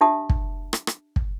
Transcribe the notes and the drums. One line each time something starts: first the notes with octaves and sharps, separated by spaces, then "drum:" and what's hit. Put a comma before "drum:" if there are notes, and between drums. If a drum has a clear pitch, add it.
D4 G4 E5 A5 D#6
drum: kick
drum: rim click
drum: rim click
drum: kick